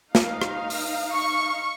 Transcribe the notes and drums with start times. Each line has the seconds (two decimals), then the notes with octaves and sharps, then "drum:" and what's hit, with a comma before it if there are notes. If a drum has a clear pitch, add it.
0.15 D#4 F5, drum: snare
0.42 drum: rim click
0.70 drum: open hi-hat
1.13 C#6